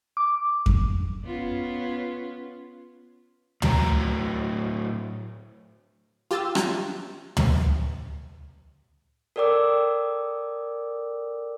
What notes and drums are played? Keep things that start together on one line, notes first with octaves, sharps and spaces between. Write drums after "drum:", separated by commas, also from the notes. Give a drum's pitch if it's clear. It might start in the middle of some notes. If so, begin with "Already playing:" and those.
D6
drum: kick F2
B3 C#4 F4
A2 F#3 G5 A#5, drum: tom
F4 G4 E6 A6
drum: rim click
drum: tom
A4 A#4 D5 G5 D6 E6